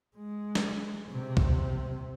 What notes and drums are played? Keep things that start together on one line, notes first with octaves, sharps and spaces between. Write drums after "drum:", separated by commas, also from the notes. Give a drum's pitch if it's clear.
G#3
drum: snare
C3
drum: kick